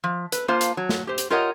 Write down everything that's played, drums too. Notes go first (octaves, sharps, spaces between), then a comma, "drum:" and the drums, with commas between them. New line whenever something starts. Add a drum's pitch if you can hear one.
F3
B4, drum: hi-hat
A#3 F4 C5 F5 A5
drum: hi-hat
F#3
drum: snare
G4 C5
drum: hi-hat
F4 G4 A#4 C#5 D#5 F#5